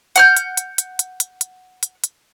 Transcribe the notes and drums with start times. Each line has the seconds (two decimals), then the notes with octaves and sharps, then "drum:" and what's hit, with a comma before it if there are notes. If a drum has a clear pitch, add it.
0.16 F#5 F6 G6, drum: hi-hat
0.37 drum: hi-hat
0.57 drum: hi-hat
0.78 drum: hi-hat
0.99 drum: hi-hat
1.20 drum: hi-hat
1.41 drum: hi-hat
1.83 drum: hi-hat
2.04 drum: hi-hat